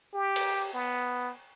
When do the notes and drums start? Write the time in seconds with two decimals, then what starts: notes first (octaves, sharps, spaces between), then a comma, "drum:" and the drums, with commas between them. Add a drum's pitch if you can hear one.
0.14 G4
0.36 drum: cymbal
0.74 B3